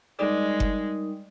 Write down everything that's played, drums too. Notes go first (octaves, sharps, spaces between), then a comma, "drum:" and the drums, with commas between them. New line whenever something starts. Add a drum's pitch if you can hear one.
G3 G#3 D#4 A#4 D5
drum: kick F#1